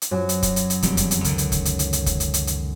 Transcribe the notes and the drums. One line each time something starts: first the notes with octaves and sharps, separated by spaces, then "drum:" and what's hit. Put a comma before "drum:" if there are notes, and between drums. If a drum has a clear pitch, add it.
drum: hi-hat
F#2
drum: hi-hat
drum: kick, hi-hat
drum: hi-hat
drum: hi-hat
E1 F2 G3, drum: hi-hat
drum: kick, hi-hat
drum: hi-hat
C#2 D3 D#3, drum: hi-hat
drum: hi-hat
drum: kick, hi-hat
drum: hi-hat
drum: hi-hat
drum: hi-hat
drum: kick, hi-hat
drum: hi-hat
drum: hi-hat
drum: hi-hat